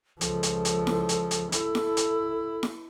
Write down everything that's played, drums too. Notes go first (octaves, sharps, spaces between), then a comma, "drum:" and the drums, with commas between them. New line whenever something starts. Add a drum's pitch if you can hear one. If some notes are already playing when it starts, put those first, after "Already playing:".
C#2 F3 A4, drum: hi-hat
drum: hi-hat
drum: hi-hat
drum: snare E4
drum: hi-hat
drum: hi-hat
E4 A4, drum: hi-hat
drum: snare E4
drum: hi-hat
drum: snare E4